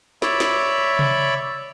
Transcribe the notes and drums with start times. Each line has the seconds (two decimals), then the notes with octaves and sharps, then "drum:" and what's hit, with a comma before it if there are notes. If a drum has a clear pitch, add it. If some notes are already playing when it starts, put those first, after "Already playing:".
0.22 C#5 D5 E5 B5, drum: snare
0.40 drum: snare
0.99 drum: tom C3